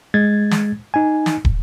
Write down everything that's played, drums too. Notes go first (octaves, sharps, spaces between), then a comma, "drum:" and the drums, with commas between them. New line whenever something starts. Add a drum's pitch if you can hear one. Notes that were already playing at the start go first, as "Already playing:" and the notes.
G#3 G#6 A6
drum: snare
D#4 G#5
drum: snare
drum: kick